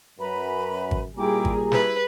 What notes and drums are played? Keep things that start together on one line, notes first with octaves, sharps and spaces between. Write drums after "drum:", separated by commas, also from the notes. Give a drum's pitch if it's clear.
F#2 B4 A#5 B5
drum: kick G#1
A#2 G3 E4 G#4 G5 G#5 A#5 D6
drum: kick G#1
E4 B4, drum: snare